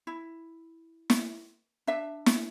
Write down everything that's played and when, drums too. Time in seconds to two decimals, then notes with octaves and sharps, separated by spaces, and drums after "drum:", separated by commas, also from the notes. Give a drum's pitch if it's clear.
0.07 E4
1.10 drum: snare
1.87 D4 E5
2.26 drum: snare